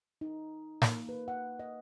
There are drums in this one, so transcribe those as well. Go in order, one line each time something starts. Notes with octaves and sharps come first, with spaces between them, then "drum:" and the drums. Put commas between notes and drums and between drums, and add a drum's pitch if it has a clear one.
D#4
A#3, drum: snare
B4
F#5
D#5